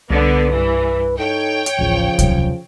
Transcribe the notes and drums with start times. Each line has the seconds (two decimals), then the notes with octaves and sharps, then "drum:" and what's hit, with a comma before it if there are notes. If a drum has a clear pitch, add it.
0.10 C2 D3 B3 B4
0.52 G2 E3
1.18 D#4 A4 C#5 G5
1.66 drum: hi-hat
1.79 D1 A1 C#3 F3
2.19 D#2 C3 F#3, drum: kick C2, hi-hat